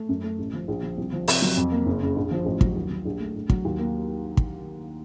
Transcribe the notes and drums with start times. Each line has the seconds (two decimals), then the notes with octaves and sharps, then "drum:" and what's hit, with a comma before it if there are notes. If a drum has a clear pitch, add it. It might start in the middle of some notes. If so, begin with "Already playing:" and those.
Already playing: A3
0.09 F#2
0.24 A3
0.39 A1
0.53 F3
0.68 A#1
0.83 F3
0.97 C2
1.12 F3
1.28 C3, drum: open hi-hat
1.42 F#3
1.57 F2
1.72 A#3
1.86 F#1
2.02 C#3
2.16 A#1
2.31 F3
2.46 A1
2.61 F#3, drum: kick
2.76 D#2
2.90 F#3
3.05 A#1
3.20 A3
3.35 A#1
3.50 F#3, drum: kick
3.65 D#2
3.79 A#3
4.37 drum: kick